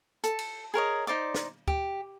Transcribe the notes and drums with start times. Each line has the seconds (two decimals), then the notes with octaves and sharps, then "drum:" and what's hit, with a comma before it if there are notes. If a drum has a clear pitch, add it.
0.24 A4, drum: hi-hat
0.39 drum: cymbal
0.74 G#4 A#4 C#5 D#5
1.07 D#4 C5 D5 D6
1.35 drum: snare
1.68 G4, drum: kick